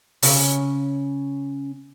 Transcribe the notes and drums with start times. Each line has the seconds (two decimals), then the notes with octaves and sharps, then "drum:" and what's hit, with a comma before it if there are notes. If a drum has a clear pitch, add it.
0.22 C#3 C#4 E5, drum: open hi-hat